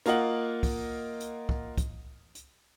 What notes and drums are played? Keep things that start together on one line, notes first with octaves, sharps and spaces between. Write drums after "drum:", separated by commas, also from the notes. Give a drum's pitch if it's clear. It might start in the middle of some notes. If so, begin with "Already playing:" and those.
A#3 F4 A#4 D#5 F#5 F#7, drum: hi-hat
drum: kick, open hi-hat
drum: hi-hat
drum: kick
drum: kick, hi-hat
drum: hi-hat